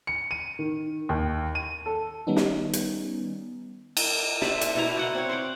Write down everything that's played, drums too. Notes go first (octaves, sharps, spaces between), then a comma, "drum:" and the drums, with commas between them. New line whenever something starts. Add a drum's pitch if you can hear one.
C#7
D#7
D#3
D#2
D#7
A4
D#3 G3 B3 C#4 D#4
drum: snare
drum: hi-hat
drum: cymbal
C5 D5 E5 A5, drum: snare
A4, drum: hi-hat
B2 E4 A#5
D5 F#5 C6
C4 C5 C#5
C5 F#5 C6 D6